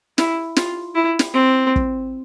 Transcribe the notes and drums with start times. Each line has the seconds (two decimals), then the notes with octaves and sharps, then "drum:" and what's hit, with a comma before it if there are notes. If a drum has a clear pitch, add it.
0.18 E4, drum: snare
0.56 F4, drum: snare
0.95 E4
1.19 drum: snare
1.34 C4
1.76 drum: kick